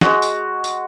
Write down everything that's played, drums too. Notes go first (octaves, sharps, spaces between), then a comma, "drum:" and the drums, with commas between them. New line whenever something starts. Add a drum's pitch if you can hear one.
G#3 F#4, drum: snare
drum: tambourine
drum: tambourine